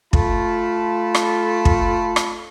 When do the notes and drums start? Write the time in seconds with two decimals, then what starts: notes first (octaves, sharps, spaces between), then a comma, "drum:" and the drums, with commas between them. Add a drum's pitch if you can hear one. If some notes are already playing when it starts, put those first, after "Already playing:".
0.13 A3 F4 A5 B5, drum: kick
1.15 drum: rim click
1.65 drum: kick
2.16 drum: rim click